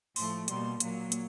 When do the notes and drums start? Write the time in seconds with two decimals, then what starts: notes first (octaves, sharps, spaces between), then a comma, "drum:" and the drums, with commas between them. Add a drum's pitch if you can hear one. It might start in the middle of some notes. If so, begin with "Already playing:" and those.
0.16 A2 F3 A3 C6, drum: open hi-hat
0.48 B2 G3 A#3 C6, drum: hi-hat
0.80 A#2 F#3 A#3, drum: hi-hat
1.12 drum: hi-hat